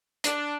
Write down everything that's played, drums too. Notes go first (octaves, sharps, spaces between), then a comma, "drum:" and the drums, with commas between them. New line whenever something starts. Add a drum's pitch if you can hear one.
D4, drum: hi-hat